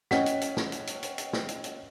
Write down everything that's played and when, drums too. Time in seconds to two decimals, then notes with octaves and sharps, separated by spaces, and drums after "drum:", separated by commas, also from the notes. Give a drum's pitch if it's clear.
0.11 C#4 D#5 F#5 G5 B6, drum: snare
0.26 drum: hi-hat
0.41 drum: hi-hat
0.57 drum: snare
0.72 drum: hi-hat
0.87 drum: hi-hat
1.03 drum: hi-hat
1.18 drum: hi-hat
1.33 drum: snare
1.49 drum: hi-hat
1.64 drum: hi-hat